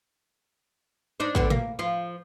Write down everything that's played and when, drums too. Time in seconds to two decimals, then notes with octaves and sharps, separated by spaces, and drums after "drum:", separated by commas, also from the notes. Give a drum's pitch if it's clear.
1.20 D4 D#4 C5
1.35 D3 B3 C4, drum: kick A1
1.50 A#3, drum: tom
1.79 F3 F4